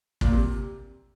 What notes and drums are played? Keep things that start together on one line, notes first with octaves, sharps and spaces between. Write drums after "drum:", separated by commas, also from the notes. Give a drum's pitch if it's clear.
A#2, drum: kick
C3